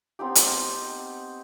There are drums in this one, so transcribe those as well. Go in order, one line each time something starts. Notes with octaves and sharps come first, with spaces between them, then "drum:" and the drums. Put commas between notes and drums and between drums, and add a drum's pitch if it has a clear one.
B3 C4 D#4 G4
drum: hi-hat